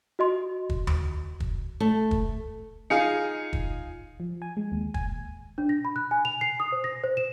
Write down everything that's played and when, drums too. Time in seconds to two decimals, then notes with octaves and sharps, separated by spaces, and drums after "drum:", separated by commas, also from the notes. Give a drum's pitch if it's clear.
0.19 F#4 D#5 C6
0.70 drum: kick
0.87 drum: tom D#2
1.40 drum: kick
1.80 A3
2.11 drum: kick
2.90 D#4 F4 G#4 F5 G#5 C#7
3.53 drum: kick
4.20 F3
4.42 G#5
4.57 G#3
4.72 D#2
4.94 G#5, drum: kick
5.58 D4
5.69 A#6
5.85 B5
5.96 F#6
6.11 G#5
6.25 F7
6.41 C7
6.60 D#6
6.72 C5
6.84 A#6
7.03 C5
7.17 E7